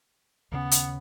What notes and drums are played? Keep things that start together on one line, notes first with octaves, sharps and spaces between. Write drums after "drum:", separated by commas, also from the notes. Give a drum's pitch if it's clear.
D#2 C#3 B3 C#4
drum: hi-hat